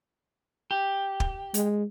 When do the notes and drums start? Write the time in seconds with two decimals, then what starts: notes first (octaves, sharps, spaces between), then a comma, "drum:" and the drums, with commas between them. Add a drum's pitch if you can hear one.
0.71 G4
1.20 drum: kick
1.54 G#3, drum: hi-hat